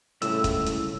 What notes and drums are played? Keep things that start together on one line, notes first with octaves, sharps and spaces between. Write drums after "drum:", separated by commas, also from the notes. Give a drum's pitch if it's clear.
C2 A2 C#3 G#3 E6, drum: hi-hat
drum: kick, hi-hat
drum: hi-hat